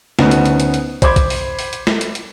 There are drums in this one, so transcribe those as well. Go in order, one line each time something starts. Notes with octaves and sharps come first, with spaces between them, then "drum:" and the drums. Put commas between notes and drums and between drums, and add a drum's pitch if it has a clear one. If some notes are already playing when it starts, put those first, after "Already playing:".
D2 B3 C#4 D#4, drum: snare
drum: hi-hat
drum: hi-hat
drum: hi-hat
drum: hi-hat
C5 B5 C6 D6 G#6, drum: kick, hi-hat
drum: kick, hi-hat
drum: open hi-hat
drum: open hi-hat
drum: hi-hat
drum: snare
drum: hi-hat
drum: hi-hat